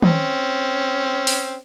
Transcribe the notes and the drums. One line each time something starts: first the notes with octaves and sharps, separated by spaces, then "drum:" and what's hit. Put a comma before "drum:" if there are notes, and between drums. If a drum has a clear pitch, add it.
C4 C#4, drum: tom D#3
drum: open hi-hat